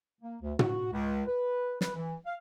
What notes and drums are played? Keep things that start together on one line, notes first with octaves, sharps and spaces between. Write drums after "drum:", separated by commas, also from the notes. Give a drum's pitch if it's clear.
A#3
D2
F#4, drum: tom
C#2
B4
B4, drum: snare
E3
F5